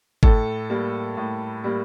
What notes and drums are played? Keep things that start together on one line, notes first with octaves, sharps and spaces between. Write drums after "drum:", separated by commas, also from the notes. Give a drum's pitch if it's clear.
A2 A4, drum: kick G#1
G3 A#3
A2
G3 A#3